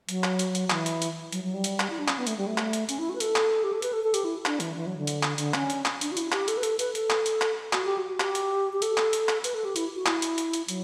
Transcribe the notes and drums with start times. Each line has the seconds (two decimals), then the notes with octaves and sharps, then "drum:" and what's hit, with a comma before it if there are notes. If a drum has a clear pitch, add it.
0.09 F#3, drum: hi-hat
0.24 drum: clap
0.39 drum: hi-hat
0.55 drum: hi-hat
0.70 E3, drum: clap
0.86 drum: hi-hat
1.02 drum: hi-hat
1.32 F#3, drum: hi-hat
1.44 F#3
1.54 G3
1.64 drum: hi-hat
1.80 drum: clap
1.90 E4
1.99 D4
2.08 C#4, drum: clap
2.18 B3
2.27 A3, drum: hi-hat
2.37 G3
2.47 A3
2.58 drum: clap
2.73 drum: hi-hat
2.89 C#4, drum: hi-hat
2.99 E4
3.09 F#4
3.15 B4
3.20 A4, drum: hi-hat
3.36 drum: clap
3.64 G4
3.73 A4
3.82 B4, drum: hi-hat
3.93 A4
4.04 A4
4.14 G4, drum: hi-hat
4.25 E4
4.45 D4, drum: clap
4.60 E3, drum: hi-hat
4.76 E3
4.86 F#3
4.97 D3
5.07 drum: hi-hat
5.23 drum: clap
5.38 D3, drum: hi-hat
5.54 C#4, drum: clap
5.70 drum: hi-hat
5.85 drum: clap
6.01 D4, drum: hi-hat
6.12 F#4
6.17 E4, drum: hi-hat
6.32 G4, drum: clap
6.48 A4, drum: hi-hat
6.57 B4
6.63 A4, drum: hi-hat
6.79 B4, drum: hi-hat
6.95 A4, drum: hi-hat
7.10 drum: clap
7.26 drum: hi-hat
7.41 drum: clap
7.73 F#4, drum: clap
7.85 G4
7.98 F#4
8.20 G4, drum: clap
8.35 drum: hi-hat
8.73 G4
8.82 A4, drum: hi-hat
8.97 drum: clap
9.13 drum: hi-hat
9.29 drum: clap
9.44 B4, drum: hi-hat
9.54 A4
9.65 G4
9.76 E4, drum: hi-hat
9.96 F#4
10.06 E4, drum: clap
10.22 drum: hi-hat
10.38 drum: hi-hat
10.53 drum: hi-hat
10.68 F#3, drum: hi-hat